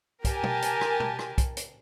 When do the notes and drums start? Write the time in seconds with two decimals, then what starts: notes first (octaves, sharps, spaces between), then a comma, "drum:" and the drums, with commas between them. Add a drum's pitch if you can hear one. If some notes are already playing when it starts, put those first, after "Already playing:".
0.25 G4 A#4 G#5 A5, drum: kick, hi-hat
0.43 drum: tom
0.62 drum: hi-hat
0.81 drum: rim click
1.00 drum: tom B2
1.19 drum: rim click
1.38 drum: kick, hi-hat
1.57 drum: hi-hat